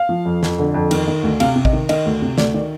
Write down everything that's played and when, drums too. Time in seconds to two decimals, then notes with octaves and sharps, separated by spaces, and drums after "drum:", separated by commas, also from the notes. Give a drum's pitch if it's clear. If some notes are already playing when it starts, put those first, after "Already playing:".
Already playing: F5
0.09 F3
0.25 F2
0.43 F2, drum: snare
0.59 D3
0.74 F2
0.91 D#3, drum: cymbal
1.08 D#3
1.23 D2
1.40 C3 F5, drum: cymbal
1.56 C3
1.65 D#5, drum: kick A1
1.73 D#3
1.89 D#3 D#5, drum: cymbal
2.06 D2
2.22 C3
2.38 D2 D5, drum: snare
2.54 D#3 D5